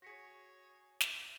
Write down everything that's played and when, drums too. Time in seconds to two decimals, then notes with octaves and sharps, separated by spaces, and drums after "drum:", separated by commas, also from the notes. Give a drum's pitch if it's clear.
0.02 F#4 G#4 C#5 A#6 B6 C#7
1.01 drum: snare